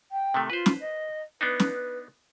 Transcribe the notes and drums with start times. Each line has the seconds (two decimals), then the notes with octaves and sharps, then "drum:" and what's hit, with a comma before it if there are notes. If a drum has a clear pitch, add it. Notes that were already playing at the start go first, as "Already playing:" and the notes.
0.11 G5
0.34 C3 D#3 A3
0.50 F4 B4 C5
0.66 drum: snare
0.80 D#5
1.41 B3 D4 D#4 B4
1.60 drum: snare